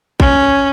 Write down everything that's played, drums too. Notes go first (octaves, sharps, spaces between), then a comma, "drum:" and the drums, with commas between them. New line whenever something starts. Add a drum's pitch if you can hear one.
C#4, drum: kick A1